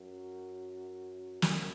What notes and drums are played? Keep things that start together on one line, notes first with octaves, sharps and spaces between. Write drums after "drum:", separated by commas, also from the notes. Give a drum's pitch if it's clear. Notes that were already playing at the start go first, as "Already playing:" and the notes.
Already playing: F#2
F#2, drum: snare